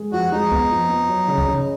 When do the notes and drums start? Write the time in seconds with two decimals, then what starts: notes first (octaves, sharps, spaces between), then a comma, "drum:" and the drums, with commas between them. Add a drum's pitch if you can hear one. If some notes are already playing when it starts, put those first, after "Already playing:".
Already playing: G#3
0.12 F2 F#4
0.32 G#3 D#4
0.52 B3, drum: kick C2
0.71 F2
0.89 B3
1.09 F#3
1.28 C#3
1.38 drum: kick C2
1.48 C#3